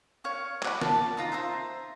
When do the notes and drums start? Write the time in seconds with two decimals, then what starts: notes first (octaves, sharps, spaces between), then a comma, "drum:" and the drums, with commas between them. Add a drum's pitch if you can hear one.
0.24 C#5 F5 C#6
0.63 D5 F#5 B5, drum: clap
0.81 A5 D6, drum: snare
1.17 D#4 F4 A#5
1.32 C5 E5 A#5 C6